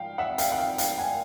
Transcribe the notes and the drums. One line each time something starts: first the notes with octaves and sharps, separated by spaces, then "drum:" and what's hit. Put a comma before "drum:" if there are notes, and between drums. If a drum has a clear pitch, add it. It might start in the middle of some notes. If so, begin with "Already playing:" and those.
Already playing: G#2 F3 F5 G5
E5 F#5
F5 G5, drum: hi-hat
F#5
F5 G5
F5 G5, drum: hi-hat
F#5 G#5